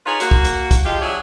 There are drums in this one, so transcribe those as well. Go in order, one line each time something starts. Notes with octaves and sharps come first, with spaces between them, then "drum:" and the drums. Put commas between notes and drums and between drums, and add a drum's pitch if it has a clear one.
D#4 F4 G#4 B4 C#5
A#3 F#4, drum: hi-hat
drum: kick
drum: hi-hat
drum: kick, hi-hat
F3 G#3 F4 G4
F#3 D4 G#4 C#5 E5